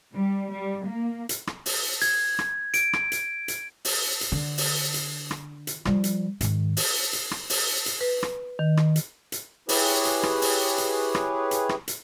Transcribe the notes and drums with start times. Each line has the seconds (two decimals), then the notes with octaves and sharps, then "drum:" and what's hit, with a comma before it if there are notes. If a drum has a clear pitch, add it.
0.16 G3
0.52 G3
0.87 A#3
1.29 drum: hi-hat
1.47 drum: rim click
1.66 drum: open hi-hat
2.02 G#6, drum: hi-hat
2.39 drum: rim click
2.74 D7, drum: hi-hat
2.93 drum: rim click
3.12 drum: hi-hat
3.48 drum: hi-hat
3.85 drum: open hi-hat
4.21 drum: hi-hat
4.32 D3
4.58 drum: open hi-hat
4.94 drum: hi-hat
5.31 drum: rim click
5.67 drum: hi-hat
5.85 F3 G3, drum: rim click
6.04 drum: hi-hat
6.41 G#2 D#3, drum: hi-hat
6.77 drum: open hi-hat
7.13 drum: hi-hat
7.31 drum: rim click
7.50 drum: open hi-hat
7.86 drum: hi-hat
8.01 B4
8.23 drum: rim click
8.59 D#3
8.77 drum: rim click
8.96 drum: hi-hat
9.32 drum: hi-hat
9.69 E4 G4 G#4 B4 C#5, drum: open hi-hat
10.05 drum: hi-hat
10.23 drum: rim click
10.42 drum: open hi-hat
10.78 drum: hi-hat
11.15 drum: rim click
11.51 drum: hi-hat
11.69 drum: rim click
11.88 drum: hi-hat